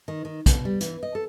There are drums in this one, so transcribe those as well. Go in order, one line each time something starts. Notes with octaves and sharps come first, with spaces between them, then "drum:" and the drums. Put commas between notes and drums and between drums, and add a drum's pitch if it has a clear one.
D#3
D#3
B2, drum: kick, hi-hat
G3
E3, drum: hi-hat
D#5
A4